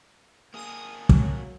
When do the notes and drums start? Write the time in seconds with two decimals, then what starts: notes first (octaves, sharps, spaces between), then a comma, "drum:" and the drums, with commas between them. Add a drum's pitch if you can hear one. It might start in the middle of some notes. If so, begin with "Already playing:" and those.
0.54 A#3 G#4 D#6
1.09 F#3, drum: kick